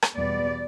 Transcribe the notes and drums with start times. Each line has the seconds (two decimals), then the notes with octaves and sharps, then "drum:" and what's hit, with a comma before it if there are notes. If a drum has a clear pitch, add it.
0.02 drum: rim click
0.16 E2 B2 G3 B3 D5